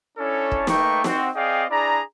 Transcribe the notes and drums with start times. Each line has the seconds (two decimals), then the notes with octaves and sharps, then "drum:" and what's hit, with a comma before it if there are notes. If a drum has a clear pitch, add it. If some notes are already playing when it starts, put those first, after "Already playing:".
0.18 C#4 D4 E4 A4 C#5 A5
0.52 drum: kick
0.67 A3 A#3 D#4 B4 G5 C#6, drum: snare
1.04 C4 F#4, drum: snare
1.35 C4 G#4 D5 D#5 F5 G5
1.70 D4 E4 G#4 D5 A#5